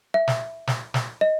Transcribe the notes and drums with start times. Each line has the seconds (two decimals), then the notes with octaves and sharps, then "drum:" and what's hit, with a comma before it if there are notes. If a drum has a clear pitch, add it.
0.14 E5
0.28 drum: snare
0.67 drum: snare
0.94 drum: snare
1.21 D#5